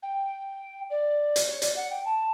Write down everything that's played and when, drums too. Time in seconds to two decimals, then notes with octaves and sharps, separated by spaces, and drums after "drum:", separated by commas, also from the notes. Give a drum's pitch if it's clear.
0.03 G5
0.90 D5
1.36 drum: hi-hat
1.47 C#5
1.62 D5, drum: hi-hat
1.76 F#5
1.90 G5
2.05 A5